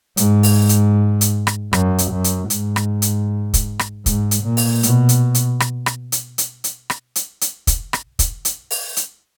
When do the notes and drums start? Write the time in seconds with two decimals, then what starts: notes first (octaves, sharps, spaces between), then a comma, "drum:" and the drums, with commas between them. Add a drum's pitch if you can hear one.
0.17 G#2, drum: hi-hat
0.43 drum: open hi-hat
0.69 drum: hi-hat
1.21 drum: hi-hat
1.47 drum: rim click
1.73 F#2, drum: rim click
1.98 drum: hi-hat
2.12 F#2
2.24 drum: hi-hat
2.50 G#2, drum: hi-hat
2.76 drum: rim click
3.02 drum: hi-hat
3.54 drum: kick, hi-hat
3.79 drum: rim click
4.06 G#2, drum: kick, hi-hat
4.31 drum: hi-hat
4.44 A#2
4.57 drum: open hi-hat
4.83 B2, drum: hi-hat
5.09 drum: hi-hat
5.35 drum: hi-hat
5.60 drum: rim click
5.86 drum: rim click
6.12 drum: hi-hat
6.38 drum: hi-hat
6.64 drum: hi-hat
6.90 drum: rim click
7.16 drum: hi-hat
7.41 drum: hi-hat
7.67 drum: kick, hi-hat
7.93 drum: rim click
8.19 drum: kick, hi-hat
8.45 drum: hi-hat
8.71 drum: open hi-hat
8.96 drum: hi-hat